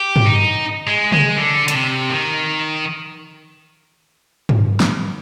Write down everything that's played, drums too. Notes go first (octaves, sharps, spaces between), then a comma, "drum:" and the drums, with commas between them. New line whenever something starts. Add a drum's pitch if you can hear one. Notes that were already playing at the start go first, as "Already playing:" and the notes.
Already playing: G4
drum: tom
D#4
G#3
G#3, drum: tom
D3
D3, drum: hi-hat
C3
D#3
drum: tom
drum: snare